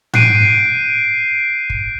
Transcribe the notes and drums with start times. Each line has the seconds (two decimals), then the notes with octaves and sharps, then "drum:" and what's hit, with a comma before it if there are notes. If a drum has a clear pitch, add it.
0.14 F#6 G6 C7 D7 D#7, drum: tom G#2
1.70 drum: kick